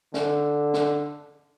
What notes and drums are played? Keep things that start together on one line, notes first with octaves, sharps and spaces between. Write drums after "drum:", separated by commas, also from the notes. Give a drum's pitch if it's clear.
D3, drum: snare
drum: snare